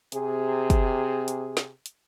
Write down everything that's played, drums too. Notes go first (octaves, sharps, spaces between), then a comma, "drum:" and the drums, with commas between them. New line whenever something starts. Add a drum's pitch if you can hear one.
C3 G#4, drum: hi-hat
drum: kick, hi-hat
drum: hi-hat
drum: snare
drum: hi-hat